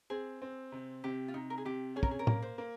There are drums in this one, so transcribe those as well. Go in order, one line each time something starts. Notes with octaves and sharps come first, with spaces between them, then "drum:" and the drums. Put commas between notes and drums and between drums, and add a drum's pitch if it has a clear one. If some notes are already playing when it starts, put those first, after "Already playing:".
C4 G#4
C4
C3
C3 G4
F4
C3 D#4
A#4
G#4
C3 G4
C#4 G#4
A#4, drum: kick
G#4
A#4
A#3, drum: tom A2
C5
A#3